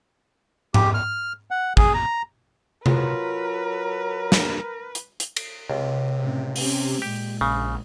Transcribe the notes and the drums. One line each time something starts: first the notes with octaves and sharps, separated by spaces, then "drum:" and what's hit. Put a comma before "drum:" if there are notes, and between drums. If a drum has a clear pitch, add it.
G4, drum: tom G#2
F6
F#5
G#4, drum: kick
A#5
F#3 F4 A#4 B4, drum: tom C3
drum: snare
drum: hi-hat
drum: hi-hat
drum: cymbal
C#2 C3
A2 C#3
C4 C#4 G4, drum: open hi-hat
A#2 G#3 G4
A#1 C#3